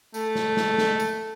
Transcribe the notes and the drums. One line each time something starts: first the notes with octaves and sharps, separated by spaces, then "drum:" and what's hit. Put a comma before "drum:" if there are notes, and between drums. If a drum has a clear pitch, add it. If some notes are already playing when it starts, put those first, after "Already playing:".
A3, drum: tambourine
drum: snare
drum: snare
drum: snare
drum: tambourine